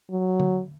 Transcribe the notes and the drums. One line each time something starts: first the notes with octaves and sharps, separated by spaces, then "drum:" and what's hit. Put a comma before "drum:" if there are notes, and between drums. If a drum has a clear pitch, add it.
F#3
drum: tom D3